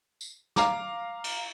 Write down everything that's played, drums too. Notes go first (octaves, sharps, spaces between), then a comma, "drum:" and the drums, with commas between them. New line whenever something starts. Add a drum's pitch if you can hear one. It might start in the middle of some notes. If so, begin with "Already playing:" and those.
drum: tambourine
F5 A#5 D6, drum: snare
drum: cymbal